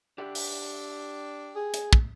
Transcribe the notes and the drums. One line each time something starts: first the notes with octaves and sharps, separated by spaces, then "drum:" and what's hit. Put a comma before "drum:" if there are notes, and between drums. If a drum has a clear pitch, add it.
D4 G4 E5 F#5
drum: open hi-hat
G#4
drum: hi-hat
drum: kick